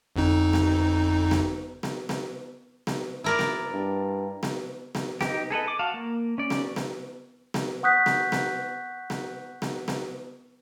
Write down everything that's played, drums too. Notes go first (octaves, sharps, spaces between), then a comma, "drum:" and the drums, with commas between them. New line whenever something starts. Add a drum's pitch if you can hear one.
G1 F2 D#4
drum: snare B3
drum: snare B3
drum: snare B3
drum: snare B3
drum: snare B3
E4 A#4 D5
drum: snare B3
G2
drum: snare B3
drum: snare B3
D#4 G4, drum: snare B3
G#4 A4 B4 D#5
D6
F#4 F5 A5
A#3
C#4 D5
drum: snare B3
drum: snare B3
drum: snare B3
F#5 C#6 D#6 F#6 G6 B6
drum: snare B3
drum: snare B3
drum: snare B3
drum: snare B3
drum: snare B3